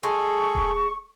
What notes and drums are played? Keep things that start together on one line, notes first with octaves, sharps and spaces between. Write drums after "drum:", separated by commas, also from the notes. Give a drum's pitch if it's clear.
G#3 G#4 A4 C#6
drum: kick D#1